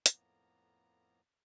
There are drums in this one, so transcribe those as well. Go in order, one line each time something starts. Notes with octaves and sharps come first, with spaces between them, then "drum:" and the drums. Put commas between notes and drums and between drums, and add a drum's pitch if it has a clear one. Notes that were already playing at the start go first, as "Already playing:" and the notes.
F2 A2 A#3 B3 A#5, drum: hi-hat